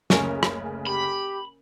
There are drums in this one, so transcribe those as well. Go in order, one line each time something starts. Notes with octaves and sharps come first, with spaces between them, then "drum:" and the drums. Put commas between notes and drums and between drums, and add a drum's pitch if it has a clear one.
F#1 D2 C#3 C#4 A#4, drum: snare
drum: rim click
G4 B5